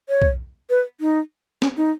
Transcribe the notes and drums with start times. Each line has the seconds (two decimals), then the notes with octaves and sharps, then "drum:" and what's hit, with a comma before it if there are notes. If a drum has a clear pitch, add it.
0.09 C#5
0.22 drum: kick
0.70 B4
1.01 D#4
1.62 C#4, drum: snare
1.77 D#4